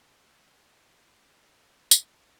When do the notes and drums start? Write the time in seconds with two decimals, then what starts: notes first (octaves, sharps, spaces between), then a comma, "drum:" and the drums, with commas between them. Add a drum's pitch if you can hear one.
0.16 G#5 A5 C6 D#6 E6 F#6
1.91 drum: tambourine